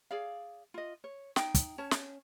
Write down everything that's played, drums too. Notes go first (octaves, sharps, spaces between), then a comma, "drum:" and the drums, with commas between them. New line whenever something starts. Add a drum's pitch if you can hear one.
G#4 D5 F5
F4 D#5
C#5
D#4 G5, drum: snare
drum: kick, hi-hat
C#4 C#5 A5
drum: snare